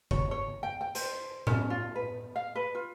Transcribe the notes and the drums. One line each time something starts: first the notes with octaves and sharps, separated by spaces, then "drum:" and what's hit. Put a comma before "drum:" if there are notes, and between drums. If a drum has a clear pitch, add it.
C#5, drum: kick F#1
C#5
G5
G5
C5, drum: hi-hat
C#4, drum: tom A2
F4
B4
F5
B4
F4